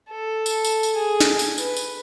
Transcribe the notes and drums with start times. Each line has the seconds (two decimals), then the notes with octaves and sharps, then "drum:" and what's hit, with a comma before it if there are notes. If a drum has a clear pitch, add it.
0.11 A4
0.46 drum: tambourine
0.64 drum: tambourine
0.83 drum: tambourine
0.96 G#4
1.21 drum: snare
1.39 drum: tambourine
1.58 B4, drum: tambourine
1.77 drum: tambourine